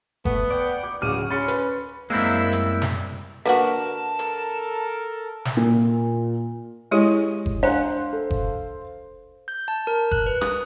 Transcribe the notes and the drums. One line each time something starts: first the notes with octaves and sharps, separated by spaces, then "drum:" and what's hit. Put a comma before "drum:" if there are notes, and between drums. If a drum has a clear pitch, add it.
A3 B3, drum: kick F#1
D5 F#5 G5
D6 G6
D1 C#3 F#4 D6 F6 D#7
C#4 B5 C6 A6 C#7
B4, drum: hi-hat
F#2 G3 G#3 A#3 C4 E4 E6
drum: hi-hat
drum: snare
D3 A#3 F#4 A#4 B4 F#5 A5
A4 A#4, drum: hi-hat
drum: snare
A#2
G#3 E4 G4 G#4 C#5 D#5
drum: kick F#1
D4 C5 F5 F#5 G#5
A4
drum: kick F#1
G6
A5
A#4
F#6, drum: kick F#1
B4
D#6, drum: rim click